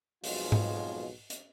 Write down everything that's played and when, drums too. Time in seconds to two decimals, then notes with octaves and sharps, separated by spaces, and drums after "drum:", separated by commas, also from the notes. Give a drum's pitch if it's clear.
0.24 B1 F2 B2 G#3 F4, drum: open hi-hat
0.52 drum: tom G#2
1.30 drum: hi-hat